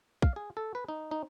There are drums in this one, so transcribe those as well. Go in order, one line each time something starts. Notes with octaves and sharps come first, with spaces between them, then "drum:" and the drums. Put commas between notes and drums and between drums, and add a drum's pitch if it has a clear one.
F5, drum: kick
G#4
A4
B4
D#4
D#4